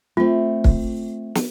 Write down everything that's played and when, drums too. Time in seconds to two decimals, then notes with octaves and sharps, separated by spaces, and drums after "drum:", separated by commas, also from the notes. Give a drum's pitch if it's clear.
0.17 A3 C4 F4
0.64 drum: kick
1.35 drum: snare